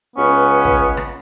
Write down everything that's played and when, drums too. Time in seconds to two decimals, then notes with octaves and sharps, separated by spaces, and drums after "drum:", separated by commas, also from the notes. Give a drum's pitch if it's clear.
0.16 C#2 B3 C#4
0.65 drum: kick
0.97 drum: rim click